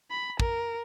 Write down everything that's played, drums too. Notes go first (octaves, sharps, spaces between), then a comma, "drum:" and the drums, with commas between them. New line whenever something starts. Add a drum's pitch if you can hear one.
B5
A#4, drum: kick